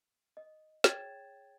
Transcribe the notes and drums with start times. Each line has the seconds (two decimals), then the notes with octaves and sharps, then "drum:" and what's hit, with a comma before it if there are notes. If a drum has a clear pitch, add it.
0.37 D#5
0.84 G#4 C#5 G5 G#6 A6 E7, drum: snare